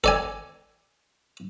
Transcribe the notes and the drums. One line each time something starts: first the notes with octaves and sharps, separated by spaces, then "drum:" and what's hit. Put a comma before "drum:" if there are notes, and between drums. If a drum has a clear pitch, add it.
A4 D5 G#5, drum: kick G1